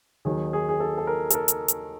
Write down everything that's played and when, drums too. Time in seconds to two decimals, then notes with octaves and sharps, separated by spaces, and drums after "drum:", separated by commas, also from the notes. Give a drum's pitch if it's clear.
0.25 D#2 D#3 F#3 G#4
0.53 G#4
0.69 G#4
0.80 A4
0.98 A4
1.07 A#4
1.30 A4, drum: hi-hat
1.35 A#4
1.48 drum: hi-hat
1.68 drum: hi-hat